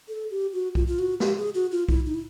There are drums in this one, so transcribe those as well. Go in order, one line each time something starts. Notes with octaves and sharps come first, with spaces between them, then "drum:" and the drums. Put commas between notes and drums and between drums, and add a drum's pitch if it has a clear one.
A4
G4
F#4
F4, drum: kick B1
F4
F#4
G4, drum: snare
G#4
F#4
F4
E4, drum: kick B1
D#4
E4